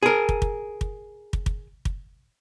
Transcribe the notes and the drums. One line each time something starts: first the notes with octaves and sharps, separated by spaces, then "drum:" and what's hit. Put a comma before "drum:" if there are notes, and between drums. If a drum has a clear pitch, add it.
G#4 A#4
drum: kick
drum: kick
drum: kick
drum: kick
drum: kick
drum: kick